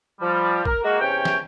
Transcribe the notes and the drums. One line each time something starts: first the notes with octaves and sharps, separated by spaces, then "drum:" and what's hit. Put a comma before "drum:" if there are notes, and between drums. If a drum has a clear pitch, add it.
F3 G3
A#4, drum: kick
G#3 A#3 F#4
E2 C3 C#4 C#5 G5
drum: snare